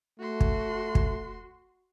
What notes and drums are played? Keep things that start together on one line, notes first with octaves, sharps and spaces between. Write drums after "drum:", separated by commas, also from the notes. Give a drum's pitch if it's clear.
A3 F#4 C6
drum: kick
drum: kick